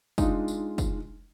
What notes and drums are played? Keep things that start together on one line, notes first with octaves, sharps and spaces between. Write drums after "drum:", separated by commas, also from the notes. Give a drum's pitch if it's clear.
G#3 D4 D#4 F4, drum: kick, tambourine
drum: tambourine
drum: kick, tambourine